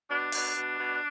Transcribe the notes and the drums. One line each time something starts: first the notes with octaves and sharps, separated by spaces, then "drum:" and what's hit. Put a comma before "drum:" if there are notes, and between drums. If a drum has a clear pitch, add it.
B2 D4
B2, drum: open hi-hat
B2
B2